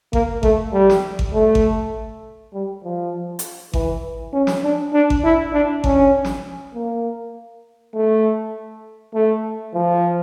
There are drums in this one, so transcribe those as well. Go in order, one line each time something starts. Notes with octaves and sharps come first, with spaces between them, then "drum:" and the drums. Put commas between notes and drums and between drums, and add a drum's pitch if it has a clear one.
A#3, drum: kick G#1
A3, drum: kick G#1
G3
drum: snare
drum: kick G#1
A3
drum: kick G#1
G3
F3
drum: hi-hat
E3, drum: kick G#1
C#4
drum: snare
D4
D4
drum: kick G#1
E4
D4
C#4, drum: kick G#1
drum: snare
A#3
A3
A3
F3